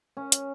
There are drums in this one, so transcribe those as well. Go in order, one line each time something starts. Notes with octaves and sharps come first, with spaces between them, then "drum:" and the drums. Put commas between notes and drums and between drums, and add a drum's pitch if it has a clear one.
C#4
drum: hi-hat